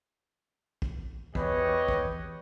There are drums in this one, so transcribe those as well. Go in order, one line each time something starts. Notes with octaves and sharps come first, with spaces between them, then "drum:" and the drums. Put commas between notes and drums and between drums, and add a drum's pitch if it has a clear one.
drum: kick
E2 G4 B4 C#5 D#5, drum: kick
drum: kick